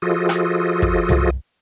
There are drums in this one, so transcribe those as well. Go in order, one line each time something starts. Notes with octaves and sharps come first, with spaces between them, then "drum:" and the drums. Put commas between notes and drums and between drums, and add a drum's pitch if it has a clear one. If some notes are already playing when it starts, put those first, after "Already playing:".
F3 F4 F#4 G#4 A4 D#5
drum: rim click
drum: kick
drum: tom C2